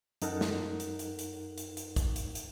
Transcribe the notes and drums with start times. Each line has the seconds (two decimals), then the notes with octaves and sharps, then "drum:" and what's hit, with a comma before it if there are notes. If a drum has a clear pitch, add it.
0.22 F#2 D#4 A4 A#4 F#5, drum: hi-hat
0.41 drum: snare
0.80 drum: hi-hat
0.99 drum: hi-hat
1.19 drum: hi-hat
1.58 drum: hi-hat
1.77 drum: hi-hat
1.96 drum: kick, hi-hat
2.16 drum: hi-hat
2.35 drum: hi-hat